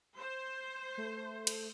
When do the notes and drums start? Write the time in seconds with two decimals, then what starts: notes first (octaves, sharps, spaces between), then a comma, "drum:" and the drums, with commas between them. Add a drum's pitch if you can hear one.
0.18 C5
0.98 A3
1.47 drum: cymbal